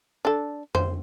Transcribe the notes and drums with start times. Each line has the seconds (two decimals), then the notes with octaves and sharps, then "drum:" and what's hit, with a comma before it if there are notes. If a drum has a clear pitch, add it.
0.25 D4 A4
0.75 C5, drum: tom F2